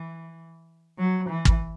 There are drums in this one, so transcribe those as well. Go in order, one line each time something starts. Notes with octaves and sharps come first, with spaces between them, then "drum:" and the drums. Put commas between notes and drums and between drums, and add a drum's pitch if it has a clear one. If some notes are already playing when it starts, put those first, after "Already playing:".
Already playing: E3
F#3
E3
drum: kick